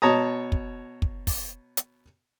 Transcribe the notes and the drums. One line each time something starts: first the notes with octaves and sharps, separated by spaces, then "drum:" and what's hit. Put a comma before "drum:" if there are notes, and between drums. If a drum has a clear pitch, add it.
B2 C#5 A5 A#5 D#6
drum: kick
drum: kick
drum: kick, open hi-hat
drum: hi-hat